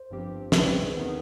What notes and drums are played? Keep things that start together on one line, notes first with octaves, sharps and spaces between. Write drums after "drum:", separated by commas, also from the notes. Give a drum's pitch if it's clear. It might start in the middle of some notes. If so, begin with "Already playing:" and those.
Already playing: C5
G1 G2 F3 C4 G4
B1 B2 G3 C4 B4, drum: snare
G#4
G#4
D#2 D#3 B3 D#4